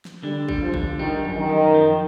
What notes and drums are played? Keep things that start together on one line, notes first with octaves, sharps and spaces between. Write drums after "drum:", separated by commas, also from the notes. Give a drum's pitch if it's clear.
drum: snare
D3 G3
G3, drum: kick
F3
D3, drum: kick
D#3 G3
F#2
D#3
F#2
F3